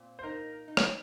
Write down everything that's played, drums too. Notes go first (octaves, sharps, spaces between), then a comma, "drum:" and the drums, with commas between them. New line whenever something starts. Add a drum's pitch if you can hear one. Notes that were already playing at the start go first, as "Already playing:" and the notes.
Already playing: A#2 C4
C5
D#4 A#4
D#4
drum: rim click